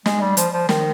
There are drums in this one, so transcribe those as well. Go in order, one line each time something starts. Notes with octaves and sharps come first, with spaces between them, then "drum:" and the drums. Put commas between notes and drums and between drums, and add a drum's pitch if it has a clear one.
G#3, drum: snare
G3
F3, drum: hi-hat
F3
D#3, drum: snare